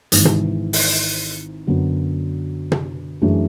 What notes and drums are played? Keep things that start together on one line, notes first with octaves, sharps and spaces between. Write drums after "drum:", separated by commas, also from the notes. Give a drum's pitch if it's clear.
G#1 G#2 E3, drum: hi-hat
drum: tom
drum: open hi-hat
F#2 D3 F#3 B3
drum: tom
F#2 E3 A3 D4 G#4